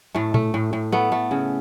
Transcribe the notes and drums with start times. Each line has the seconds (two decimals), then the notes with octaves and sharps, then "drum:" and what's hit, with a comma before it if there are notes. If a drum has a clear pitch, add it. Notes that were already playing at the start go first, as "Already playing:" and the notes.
0.15 A2 A3
0.34 A3, drum: tom A#2
0.54 A2
0.73 A2
0.92 A3 B3
1.12 A3
1.31 C#3